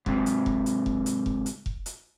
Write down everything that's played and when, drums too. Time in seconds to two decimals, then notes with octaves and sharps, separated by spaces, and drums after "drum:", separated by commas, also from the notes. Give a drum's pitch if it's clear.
0.06 G#2 C3, drum: kick F1
0.26 drum: hi-hat
0.46 drum: kick F1
0.66 drum: hi-hat
0.86 drum: kick F1
1.06 drum: hi-hat
1.26 drum: kick F1
1.46 drum: hi-hat
1.66 drum: kick F1
1.86 drum: hi-hat